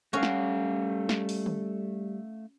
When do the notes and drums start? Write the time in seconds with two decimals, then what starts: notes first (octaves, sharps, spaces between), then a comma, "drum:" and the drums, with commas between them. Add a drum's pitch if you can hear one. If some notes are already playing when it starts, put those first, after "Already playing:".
0.13 G3 A3 C#4 F#4 A4 F5
0.23 drum: snare
1.09 drum: snare
1.29 drum: open hi-hat
1.46 drum: tom